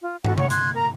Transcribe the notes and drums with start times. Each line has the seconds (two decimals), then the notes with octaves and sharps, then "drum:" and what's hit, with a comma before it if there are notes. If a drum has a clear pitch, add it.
0.02 F4
0.24 F#4 A4 F#5, drum: tom
0.38 C#5 F#5 C#6, drum: tom C3
0.50 C6 F#6 G#6, drum: hi-hat
0.74 A#4 A#5